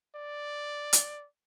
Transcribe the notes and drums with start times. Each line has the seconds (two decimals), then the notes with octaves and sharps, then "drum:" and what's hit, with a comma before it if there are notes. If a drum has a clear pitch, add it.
0.16 D5
0.93 drum: hi-hat